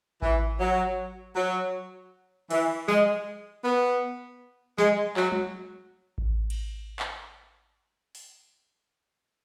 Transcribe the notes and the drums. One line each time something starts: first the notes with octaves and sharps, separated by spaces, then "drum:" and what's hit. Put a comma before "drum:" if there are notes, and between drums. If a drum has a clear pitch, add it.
E3, drum: kick A1
F#3
F#3
E3, drum: cymbal
G#3, drum: snare
B3
G#3, drum: snare
F#3, drum: clap
drum: tom G3
drum: kick A1
drum: cymbal
drum: clap
drum: open hi-hat